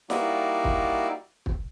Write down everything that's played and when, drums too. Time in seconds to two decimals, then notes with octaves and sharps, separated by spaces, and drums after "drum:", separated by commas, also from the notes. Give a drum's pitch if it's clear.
0.10 G3 A#3 D#4 E4 F#4 D5, drum: snare
0.64 drum: kick
1.46 drum: kick